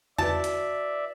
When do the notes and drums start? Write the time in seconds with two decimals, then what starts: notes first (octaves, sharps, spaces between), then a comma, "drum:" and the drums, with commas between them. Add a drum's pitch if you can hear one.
0.18 E4 F#4 B4 D5 E5 A5, drum: tom E2
0.44 drum: hi-hat